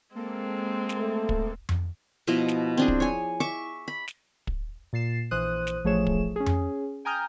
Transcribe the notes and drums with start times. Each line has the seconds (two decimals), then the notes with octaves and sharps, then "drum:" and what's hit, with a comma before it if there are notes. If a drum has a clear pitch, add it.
0.15 G#3 A#3 C4 A4
0.89 drum: snare
0.99 A3
1.29 drum: kick
1.69 drum: tom F2
2.27 B2 F3 E4 D#5
2.48 drum: snare
2.78 C4 D4 G#4
2.88 drum: kick
3.00 C#5 G#5
3.40 E5 C#6 D6
3.88 B5
4.08 drum: snare
4.47 drum: kick
4.93 A#2 A6 C7 E7
5.31 A#1 E3 C5 D#6 F#6 D#7
5.67 drum: snare
5.84 A1 F3 A3 G#4 C#5 E7
6.07 drum: kick
6.36 C#4 G#4
6.46 drum: tom F2
7.05 G5 G#5 A#5 D#6 F6 G6